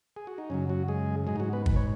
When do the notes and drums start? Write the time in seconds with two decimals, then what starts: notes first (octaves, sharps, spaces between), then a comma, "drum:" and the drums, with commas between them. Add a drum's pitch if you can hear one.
0.16 G#4
0.27 F#4
0.38 D#4
0.50 F#2 C#3 F#3 C#4
0.69 F#3 F#4
0.88 G#3 G#4
1.27 G#2 F#3 G#3 G#4
1.36 D#4
1.40 F#3 F#4
1.53 B3 B4
1.66 B4, drum: kick
1.76 C#5